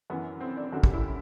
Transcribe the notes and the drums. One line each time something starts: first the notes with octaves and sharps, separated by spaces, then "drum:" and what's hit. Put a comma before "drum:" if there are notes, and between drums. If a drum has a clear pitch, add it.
F#2 E3 B3
C4
D4
F#2 D3 F#4
G4, drum: kick
E4